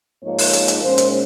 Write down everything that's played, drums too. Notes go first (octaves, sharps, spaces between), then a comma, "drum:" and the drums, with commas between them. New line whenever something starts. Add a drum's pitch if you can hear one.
G#2 F3 A#3 D#4 C#5
drum: open hi-hat
drum: hi-hat
drum: hi-hat
A#2 G#3 C#4 C5
drum: hi-hat